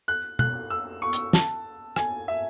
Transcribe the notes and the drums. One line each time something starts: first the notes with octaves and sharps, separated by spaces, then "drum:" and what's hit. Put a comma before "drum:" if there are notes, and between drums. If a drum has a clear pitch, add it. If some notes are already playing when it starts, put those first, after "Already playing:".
F#6
F#6, drum: tom
E6
C#6
drum: hi-hat
A5, drum: snare
G#5, drum: rim click
E5